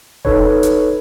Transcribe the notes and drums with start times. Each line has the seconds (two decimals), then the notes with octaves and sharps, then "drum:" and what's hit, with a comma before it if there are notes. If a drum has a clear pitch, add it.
0.25 D#4 A4 B4 C#5, drum: kick E1
0.63 drum: hi-hat